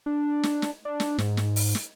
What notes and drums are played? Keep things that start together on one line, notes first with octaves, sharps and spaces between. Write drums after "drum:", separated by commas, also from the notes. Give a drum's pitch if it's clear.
D4
drum: snare
drum: snare
D4
drum: snare
G#2, drum: snare
drum: snare
drum: open hi-hat
drum: snare